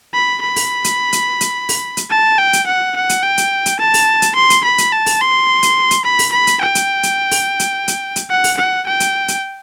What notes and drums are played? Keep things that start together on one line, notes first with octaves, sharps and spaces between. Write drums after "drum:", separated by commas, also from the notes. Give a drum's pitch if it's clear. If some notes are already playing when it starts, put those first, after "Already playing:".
B5
B5
drum: open hi-hat
drum: hi-hat
drum: hi-hat
drum: hi-hat
drum: open hi-hat
drum: hi-hat
A5
G5
drum: hi-hat
F#5
F#5
drum: hi-hat
G5
drum: hi-hat
drum: hi-hat
A5
drum: open hi-hat
drum: hi-hat
C6
drum: hi-hat
B5
drum: hi-hat
A5
drum: open hi-hat
C6
drum: hi-hat
drum: hi-hat
B5
drum: open hi-hat
B5
drum: hi-hat
G5
drum: hi-hat
drum: hi-hat
drum: open hi-hat
drum: hi-hat
drum: hi-hat
drum: hi-hat
F#5
drum: open hi-hat
F#5
G5
drum: hi-hat
drum: hi-hat